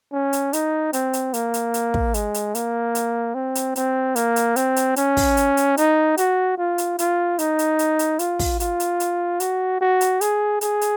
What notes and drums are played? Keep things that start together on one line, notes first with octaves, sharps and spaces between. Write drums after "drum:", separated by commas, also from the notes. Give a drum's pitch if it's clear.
C#4
drum: hi-hat
D#4, drum: hi-hat
C4, drum: hi-hat
drum: hi-hat
A#3, drum: hi-hat
drum: hi-hat
drum: hi-hat
drum: kick
G#3, drum: hi-hat
drum: hi-hat
A#3, drum: hi-hat
drum: hi-hat
C4
drum: hi-hat
C4, drum: hi-hat
A#3, drum: hi-hat
drum: hi-hat
C4, drum: hi-hat
drum: hi-hat
C#4, drum: hi-hat
drum: kick, open hi-hat
drum: hi-hat
drum: hi-hat
D#4, drum: hi-hat
F#4, drum: hi-hat
F4
drum: hi-hat
F4, drum: hi-hat
D#4, drum: hi-hat
drum: hi-hat
drum: hi-hat
drum: hi-hat
F4, drum: hi-hat
drum: kick, open hi-hat
F4, drum: hi-hat
drum: hi-hat
drum: hi-hat
F#4, drum: hi-hat
F#4
drum: hi-hat
G#4, drum: hi-hat
G#4, drum: hi-hat
drum: hi-hat